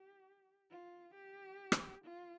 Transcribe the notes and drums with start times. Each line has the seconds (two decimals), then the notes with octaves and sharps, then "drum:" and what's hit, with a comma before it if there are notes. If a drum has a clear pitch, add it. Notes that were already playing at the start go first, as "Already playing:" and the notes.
Already playing: G4
0.70 F4
1.14 G4
1.72 drum: rim click
2.04 F4